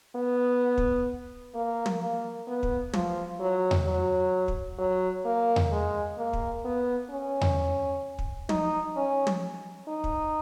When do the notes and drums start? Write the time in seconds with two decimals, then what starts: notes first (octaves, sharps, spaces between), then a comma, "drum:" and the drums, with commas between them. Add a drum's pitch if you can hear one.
0.16 B3
0.78 drum: kick
1.55 A#3
1.86 drum: tom
2.01 A#3
2.48 B3
2.63 drum: kick
2.93 F3, drum: tom
3.40 F#3
3.71 drum: tom E2
3.86 F#3
4.48 drum: kick
4.79 F#3
5.25 A#3
5.56 drum: tom E2
5.72 G#3
6.18 A#3
6.33 drum: kick
6.65 B3
7.10 C#4
7.41 drum: tom E2
8.19 drum: kick
8.49 D#4, drum: tom
8.96 C#4
9.27 drum: tom
9.88 D#4
10.04 drum: kick